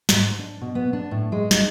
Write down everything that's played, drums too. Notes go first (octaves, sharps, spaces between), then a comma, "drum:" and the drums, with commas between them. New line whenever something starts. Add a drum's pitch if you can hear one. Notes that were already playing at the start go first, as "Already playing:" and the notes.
G#2, drum: snare
D4
B2
B3
D4
A2
G#3
D#4, drum: snare